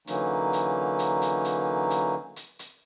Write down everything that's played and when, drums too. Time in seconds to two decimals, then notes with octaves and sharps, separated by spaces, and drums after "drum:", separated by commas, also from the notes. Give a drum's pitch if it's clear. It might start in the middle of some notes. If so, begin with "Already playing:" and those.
0.07 D3 E3 F#3 A#3 C#4 D#4, drum: hi-hat
0.53 drum: hi-hat
0.99 drum: hi-hat
1.22 drum: hi-hat
1.45 drum: hi-hat
1.91 drum: hi-hat
2.36 drum: hi-hat
2.59 drum: hi-hat